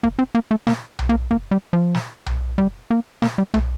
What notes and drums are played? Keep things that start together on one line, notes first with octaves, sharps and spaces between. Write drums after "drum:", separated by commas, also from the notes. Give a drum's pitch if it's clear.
A#3, drum: kick
C4
A#3
A3
A#3, drum: snare
drum: tom B1
A#3
A#3, drum: kick
G3
F3
drum: snare
drum: tom B1
G3, drum: kick
A#3
A#3, drum: snare
G3
A3, drum: tom B1